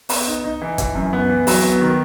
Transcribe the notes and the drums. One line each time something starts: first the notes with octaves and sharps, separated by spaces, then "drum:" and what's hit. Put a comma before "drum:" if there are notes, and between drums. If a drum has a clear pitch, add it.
B3, drum: open hi-hat
D#4
D#4
E3
E3, drum: kick, hi-hat
F#2
B3
E3
F#3, drum: open hi-hat
B3
D#3